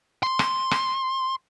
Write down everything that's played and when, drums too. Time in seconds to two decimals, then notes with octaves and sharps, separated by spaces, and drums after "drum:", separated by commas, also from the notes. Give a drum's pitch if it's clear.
0.23 C6
0.39 drum: rim click
0.71 drum: rim click